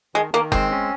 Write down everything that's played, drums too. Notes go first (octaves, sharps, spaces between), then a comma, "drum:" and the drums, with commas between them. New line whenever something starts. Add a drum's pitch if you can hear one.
D#3 G#3
D#3 A#3
G#3 C4, drum: kick F#1
C#4